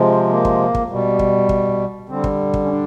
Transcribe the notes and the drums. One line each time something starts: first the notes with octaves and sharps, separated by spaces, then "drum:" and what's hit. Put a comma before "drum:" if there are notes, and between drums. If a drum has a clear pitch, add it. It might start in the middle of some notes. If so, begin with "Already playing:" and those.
Already playing: C3 F3 G#3
A#3
drum: kick
drum: kick
B2 G3
drum: kick
drum: kick
D3 G3 C4
drum: kick
drum: kick
C#4
D4